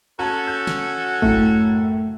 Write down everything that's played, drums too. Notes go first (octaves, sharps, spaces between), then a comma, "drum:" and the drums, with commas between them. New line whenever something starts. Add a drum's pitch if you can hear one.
C#4 F#4 A4 A5 G#6
G6
drum: snare
F#2 A2 A3, drum: kick